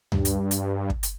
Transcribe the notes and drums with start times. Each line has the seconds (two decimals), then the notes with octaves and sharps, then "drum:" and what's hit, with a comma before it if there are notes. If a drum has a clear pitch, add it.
0.12 G2, drum: tom D2
0.25 drum: hi-hat
0.51 drum: hi-hat
0.90 drum: kick
1.03 drum: hi-hat